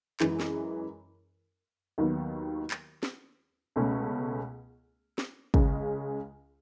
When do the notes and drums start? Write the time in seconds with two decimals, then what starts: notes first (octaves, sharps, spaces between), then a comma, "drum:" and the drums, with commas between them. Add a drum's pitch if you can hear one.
0.20 F#2 E3 G#3, drum: clap
0.40 drum: snare
1.98 D#2 D#3 F#3 B3
2.71 drum: clap
3.03 drum: snare
3.76 C#2 B2 A3 C#4
5.18 drum: snare
5.54 C#2 C#3 G#3 C#4, drum: kick